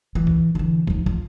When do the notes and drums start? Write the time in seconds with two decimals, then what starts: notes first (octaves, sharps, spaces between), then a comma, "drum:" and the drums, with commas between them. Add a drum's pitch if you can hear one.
0.15 E3
0.27 drum: kick
0.55 D3 E3
0.87 F3 D#4, drum: kick
1.06 F4, drum: kick